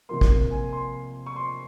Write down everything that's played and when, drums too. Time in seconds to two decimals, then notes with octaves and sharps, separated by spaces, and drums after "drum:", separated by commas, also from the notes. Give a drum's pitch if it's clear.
0.09 C3 F3 A#3 C6
0.21 drum: kick
0.51 G#5
0.72 C6
1.26 C#6
1.36 C6